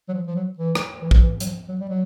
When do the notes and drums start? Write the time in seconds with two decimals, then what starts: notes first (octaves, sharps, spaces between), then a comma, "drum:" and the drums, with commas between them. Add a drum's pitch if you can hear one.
0.08 F#3
0.14 F3
0.26 F3
0.36 F#3
0.58 E3
0.75 drum: rim click
1.02 E3
1.11 F3, drum: kick
1.21 E3
1.40 F#3, drum: hi-hat
1.45 F3
1.68 F#3
1.80 G3
1.89 F#3